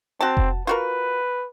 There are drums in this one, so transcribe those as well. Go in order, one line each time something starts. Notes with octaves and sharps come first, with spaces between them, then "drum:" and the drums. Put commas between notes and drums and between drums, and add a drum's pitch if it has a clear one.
C4 F#4 A5
drum: kick F1
F4 F#4 A#4 B4